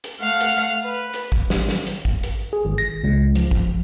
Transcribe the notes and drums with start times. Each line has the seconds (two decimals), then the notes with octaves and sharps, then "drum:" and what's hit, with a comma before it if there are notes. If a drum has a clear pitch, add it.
0.04 drum: hi-hat
0.19 A3 F5 F#5
0.41 drum: hi-hat
0.83 B4
1.14 drum: hi-hat
1.32 drum: kick
1.50 drum: snare
1.69 drum: snare
1.87 drum: hi-hat
2.05 drum: kick
2.23 drum: hi-hat
2.53 G#4
2.65 G#1
2.78 A#6
3.04 C#2
3.35 F3, drum: hi-hat
3.51 drum: kick